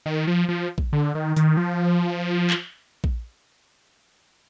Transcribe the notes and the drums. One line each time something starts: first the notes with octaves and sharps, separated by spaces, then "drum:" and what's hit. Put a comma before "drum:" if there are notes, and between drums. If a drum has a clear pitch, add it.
D#3
F3
F3
drum: kick A#1
D3
D#3
D#3, drum: hi-hat
F3
drum: clap
drum: kick A#1